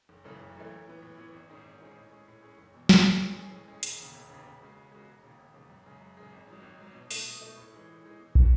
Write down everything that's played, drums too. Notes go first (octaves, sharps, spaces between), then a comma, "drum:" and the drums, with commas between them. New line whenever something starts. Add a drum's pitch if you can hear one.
F#1
F#2 C#3 E3 A3
F#1
F#2 C#3 E3 A3
A2
E3 B3
A2
E3 B3
G#1
G#2 D#3 G#3 C#4
G#1
G#2 D#3 G#3 C#4
A2
G#3 C#4
A2
G#3 C#4
F#1
E2 B2
F#1, drum: snare
E2 B2
A2
G#3 C#4 G#4
A2
G#3 C#4 G#4
E1, drum: hi-hat
D#2 C#3
E1
D#2 C#3
C#3
G#3 C#4 F#4
C#3
G#3 C#4 F#4
E1
D#2 C#3
E1
D#2 C#3
F#2
C#3 G#3
F#2
C#3 G#3
G#1
G#2 F#3
G#1
G#2 F#3
B2
A3 D#4, drum: open hi-hat
B2
A3 D#4
A2
E3 G#3 D#4
A2
E3 G#3 D#4
E2
C#3 F#3 C#4 F#4, drum: kick